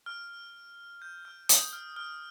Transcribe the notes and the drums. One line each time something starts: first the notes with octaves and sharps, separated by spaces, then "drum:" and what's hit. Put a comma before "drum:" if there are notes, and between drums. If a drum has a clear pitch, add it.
F6
G6
F6
D#6, drum: hi-hat
F6
F6